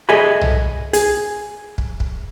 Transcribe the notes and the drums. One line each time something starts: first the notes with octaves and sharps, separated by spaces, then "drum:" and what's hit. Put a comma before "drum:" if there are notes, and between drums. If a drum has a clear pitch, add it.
G#4 A4 D#5 E5 G#5 B5
drum: tom B1
G#4, drum: hi-hat
drum: kick
drum: kick